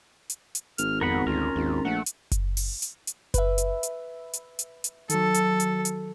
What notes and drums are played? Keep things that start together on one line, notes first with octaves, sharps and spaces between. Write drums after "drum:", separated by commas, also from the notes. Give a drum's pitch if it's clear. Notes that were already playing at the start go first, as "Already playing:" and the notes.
drum: hi-hat
drum: hi-hat
G#1 F6, drum: hi-hat
F2 B3 A#4 F#5 B5
D2 C#4 F4 A#4
G#1 D#2
A#1 A3 F#5
drum: hi-hat
drum: kick F#1, hi-hat
drum: open hi-hat
drum: hi-hat
drum: hi-hat
B4 E5, drum: kick F#1, hi-hat
drum: hi-hat
drum: hi-hat
drum: hi-hat
drum: hi-hat
drum: hi-hat
D#3 F#3 A4, drum: hi-hat
drum: hi-hat
drum: hi-hat
drum: hi-hat